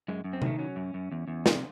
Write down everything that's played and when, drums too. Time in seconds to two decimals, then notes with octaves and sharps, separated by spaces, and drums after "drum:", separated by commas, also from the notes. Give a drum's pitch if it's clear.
0.08 F#2 G#3
0.24 F#2
0.33 C4
0.42 D#3 A3, drum: tom C3
0.59 F#3 C#4
0.76 F#2
0.94 F#2
1.12 E2
1.28 E2
1.46 C3, drum: snare